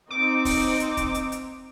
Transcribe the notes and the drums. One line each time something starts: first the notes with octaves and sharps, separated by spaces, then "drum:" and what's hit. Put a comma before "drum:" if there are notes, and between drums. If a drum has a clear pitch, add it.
C4 D#4 D6
drum: kick, open hi-hat
drum: hi-hat
drum: kick, hi-hat
drum: hi-hat
drum: hi-hat